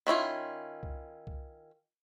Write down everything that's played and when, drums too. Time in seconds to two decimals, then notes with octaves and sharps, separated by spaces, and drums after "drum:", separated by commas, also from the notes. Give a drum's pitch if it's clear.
0.07 D#3 C#4 E4 F4
0.83 drum: kick C2
1.27 drum: kick C2